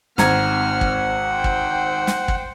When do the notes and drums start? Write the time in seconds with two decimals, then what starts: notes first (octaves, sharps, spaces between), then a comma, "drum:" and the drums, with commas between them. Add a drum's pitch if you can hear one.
0.18 G#1 C4 F#5 A#5 F6 G#6, drum: snare
0.81 drum: kick
1.29 C5 G5
1.44 drum: kick
2.07 drum: snare
2.28 drum: kick